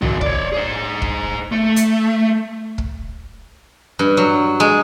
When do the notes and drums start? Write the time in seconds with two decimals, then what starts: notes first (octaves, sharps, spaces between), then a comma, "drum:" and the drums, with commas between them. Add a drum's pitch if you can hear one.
0.02 D#3 F#4, drum: tom B1
0.21 C#5 D5, drum: kick
0.52 G#4 C5
1.02 drum: kick
1.52 A3
1.76 drum: hi-hat
2.78 drum: kick
3.99 G2
4.17 F#3
4.60 G#3